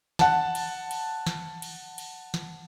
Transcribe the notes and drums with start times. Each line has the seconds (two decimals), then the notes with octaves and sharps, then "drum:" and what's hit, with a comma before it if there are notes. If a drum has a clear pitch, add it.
0.19 F#5 A5, drum: snare
0.55 drum: cymbal
0.91 drum: cymbal
1.27 drum: snare
1.62 drum: cymbal
1.98 drum: cymbal
2.34 drum: snare